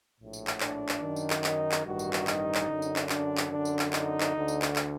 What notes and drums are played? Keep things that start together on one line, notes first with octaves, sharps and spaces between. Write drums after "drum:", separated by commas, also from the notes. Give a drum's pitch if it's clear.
A#1 A2
drum: tambourine
drum: clap
D4, drum: clap
drum: clap
F#2 D#3
drum: tambourine
drum: clap
D#4, drum: clap
drum: clap
A1 G2 D#3 F#4
drum: tambourine
drum: clap
D#4, drum: clap
drum: clap
F#2 D3
drum: tambourine
drum: clap
D4, drum: clap
drum: clap
F#2 D3 D4
drum: tambourine
drum: clap
D#4, drum: clap
drum: clap
D2 D3
drum: tambourine
drum: clap
drum: clap